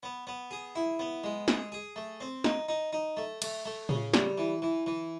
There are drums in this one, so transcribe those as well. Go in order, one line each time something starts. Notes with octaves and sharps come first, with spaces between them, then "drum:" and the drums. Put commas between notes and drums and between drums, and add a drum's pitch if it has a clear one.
B3
B3
G#4
E4
B3
G#3
G#4, drum: snare
G#4
A3
C4
D#4, drum: snare
D#4
D#4
A3
A3, drum: cymbal
A3
C#3, drum: tom A2
G3, drum: snare
E3
E3
E3